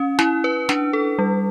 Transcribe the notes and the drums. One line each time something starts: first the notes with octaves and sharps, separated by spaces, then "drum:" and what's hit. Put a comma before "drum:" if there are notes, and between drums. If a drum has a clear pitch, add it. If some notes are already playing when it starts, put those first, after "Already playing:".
Already playing: C#4
E4, drum: snare
B4
D4, drum: snare
A4
G3